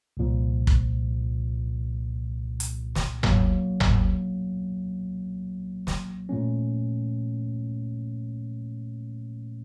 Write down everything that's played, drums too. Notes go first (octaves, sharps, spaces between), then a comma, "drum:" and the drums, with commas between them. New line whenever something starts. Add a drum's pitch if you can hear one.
C2 A#2 F3
drum: kick
drum: hi-hat
drum: snare
B2 F#3 A#3, drum: tom G1
drum: tom G1
drum: snare
A#2 F3 A3 C#4